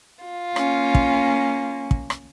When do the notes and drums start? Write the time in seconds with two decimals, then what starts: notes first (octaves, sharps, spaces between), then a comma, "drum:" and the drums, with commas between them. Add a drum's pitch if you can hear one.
0.24 F4
0.56 A#3 C#4, drum: rim click
0.95 drum: kick
1.91 drum: kick
2.10 drum: rim click